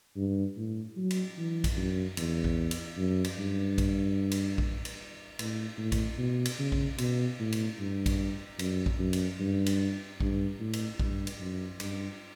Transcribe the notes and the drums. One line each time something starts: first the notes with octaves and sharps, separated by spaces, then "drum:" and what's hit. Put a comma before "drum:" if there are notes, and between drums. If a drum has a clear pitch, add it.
G2
A2
F#3
drum: cymbal
E3
drum: kick A#1, cymbal
F#2
E2, drum: cymbal
drum: kick A#1
drum: cymbal
F#2
drum: cymbal
G2
drum: kick A#1, cymbal
drum: cymbal
drum: kick A#1
drum: cymbal
A2, drum: cymbal
A2
drum: kick A#1, cymbal
B2
drum: cymbal
C#3
drum: kick A#1
B2, drum: cymbal
A2
drum: cymbal
G2
drum: kick A#1, cymbal
F#2, drum: cymbal
drum: kick A#1
F#2
drum: cymbal
G2
drum: cymbal
G2, drum: kick A#1
A2
drum: cymbal
G2, drum: kick A#1
drum: cymbal
F#2
G2, drum: cymbal